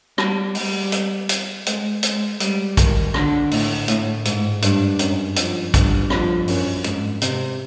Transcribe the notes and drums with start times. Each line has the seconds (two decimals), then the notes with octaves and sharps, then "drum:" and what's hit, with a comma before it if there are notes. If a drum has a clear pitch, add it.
0.18 G3, drum: rim click
0.55 G3, drum: open hi-hat
0.92 drum: hi-hat
1.29 drum: hi-hat
1.66 G#3, drum: hi-hat
2.03 G#3, drum: hi-hat
2.40 G3, drum: hi-hat
2.77 D#3, drum: kick, hi-hat
3.14 D3, drum: rim click
3.51 A2, drum: open hi-hat
3.88 A2, drum: hi-hat
4.25 G#2, drum: hi-hat
4.62 G2, drum: hi-hat
4.99 F#2, drum: hi-hat
5.36 F2, drum: hi-hat
5.74 G2, drum: kick, hi-hat
6.10 F2, drum: rim click
6.48 F#2, drum: open hi-hat
6.84 G#2, drum: hi-hat
7.22 C3, drum: hi-hat